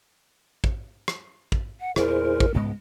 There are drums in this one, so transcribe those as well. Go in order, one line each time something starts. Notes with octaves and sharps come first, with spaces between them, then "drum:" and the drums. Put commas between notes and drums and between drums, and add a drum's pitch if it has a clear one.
drum: kick
drum: rim click
drum: kick
F#5
E2 A#2 E4 G#4 A#4 C5, drum: rim click
drum: kick
C#2 G#2 G#3 B3